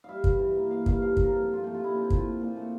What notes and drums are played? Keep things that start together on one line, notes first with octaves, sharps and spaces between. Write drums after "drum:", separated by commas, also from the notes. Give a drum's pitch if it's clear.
G3 E5 F5
G2, drum: kick
E3
A#3
A3 F5
G2 F5, drum: kick
F3 F5
G2, drum: kick
A#4
C4 A4
A#2
F4
A3 G4
A#2 F4
E4
C4 D4
E4
A#2, drum: kick
F4
A3
A#2
A3